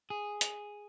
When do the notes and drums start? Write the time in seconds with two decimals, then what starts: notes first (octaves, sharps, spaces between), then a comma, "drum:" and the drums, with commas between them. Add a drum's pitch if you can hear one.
0.10 G#4
0.41 drum: hi-hat